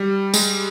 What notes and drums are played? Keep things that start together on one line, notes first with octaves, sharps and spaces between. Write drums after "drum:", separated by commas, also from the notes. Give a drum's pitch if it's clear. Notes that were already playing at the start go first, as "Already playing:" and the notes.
Already playing: G3
G#3, drum: tambourine